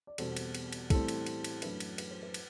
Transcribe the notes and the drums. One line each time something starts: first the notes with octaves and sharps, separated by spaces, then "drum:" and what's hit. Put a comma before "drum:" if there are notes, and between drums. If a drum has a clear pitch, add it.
D5
E2 B2 G3 C4 A4 C5, drum: cymbal
drum: cymbal
drum: cymbal
drum: cymbal
A2 E3 G3 C4 A4, drum: kick, cymbal
drum: cymbal
drum: cymbal
drum: cymbal
F#2 E3 A3 D4 B4, drum: cymbal
drum: cymbal
B4, drum: cymbal
C5
B4
drum: cymbal